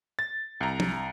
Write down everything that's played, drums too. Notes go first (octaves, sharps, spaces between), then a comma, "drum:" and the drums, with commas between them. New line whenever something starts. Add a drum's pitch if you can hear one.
A6
C2 A#5
drum: tom